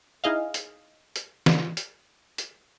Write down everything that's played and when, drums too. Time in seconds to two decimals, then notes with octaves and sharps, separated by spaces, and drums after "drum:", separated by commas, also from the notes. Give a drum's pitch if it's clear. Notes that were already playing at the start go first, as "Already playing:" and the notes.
0.24 D#4 E4 G#4 D#5 F5
0.54 drum: hi-hat
1.16 drum: hi-hat
1.46 drum: snare
1.77 drum: hi-hat
2.38 drum: hi-hat